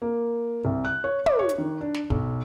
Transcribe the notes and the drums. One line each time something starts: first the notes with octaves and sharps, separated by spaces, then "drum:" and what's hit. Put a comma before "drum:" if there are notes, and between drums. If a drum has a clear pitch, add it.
A#3
C2
F#6
C#5
D6, drum: tom
C#5
drum: hi-hat
D#3
D4
drum: snare
B1, drum: kick